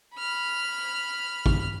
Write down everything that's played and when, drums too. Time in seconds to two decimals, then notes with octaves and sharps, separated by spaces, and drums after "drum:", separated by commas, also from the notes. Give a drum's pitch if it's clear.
0.14 B5 F6
1.46 drum: kick